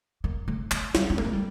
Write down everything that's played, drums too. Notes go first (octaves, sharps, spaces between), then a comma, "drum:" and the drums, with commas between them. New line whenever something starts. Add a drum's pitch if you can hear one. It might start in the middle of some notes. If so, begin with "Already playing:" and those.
A#3
A3
A3, drum: clap
G3, drum: snare
C#4
A#3, drum: tom G#3
A3
G3